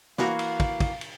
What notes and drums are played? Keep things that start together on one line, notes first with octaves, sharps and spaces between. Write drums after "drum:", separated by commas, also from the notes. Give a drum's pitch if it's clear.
E3 A#3 F#4 F5, drum: snare
drum: cymbal
drum: kick, cymbal
drum: kick, cymbal
drum: cymbal